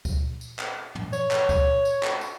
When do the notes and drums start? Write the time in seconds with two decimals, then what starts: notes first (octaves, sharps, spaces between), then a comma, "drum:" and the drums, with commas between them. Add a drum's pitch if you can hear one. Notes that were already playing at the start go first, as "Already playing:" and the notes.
0.05 drum: kick C#2, tambourine
0.41 drum: tambourine
0.59 drum: clap
0.95 drum: tom
1.13 C#5, drum: tambourine
1.31 drum: clap
1.49 drum: kick C#2, tambourine
1.85 drum: tambourine
2.03 drum: clap
2.21 drum: tambourine